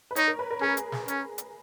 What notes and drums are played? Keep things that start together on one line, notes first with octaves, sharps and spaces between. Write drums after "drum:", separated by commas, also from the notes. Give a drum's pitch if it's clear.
B4
D#4 C#5, drum: hi-hat
A#4
B4
A#4
C#4 G#4
drum: hi-hat
drum: snare
C#4, drum: hi-hat
drum: hi-hat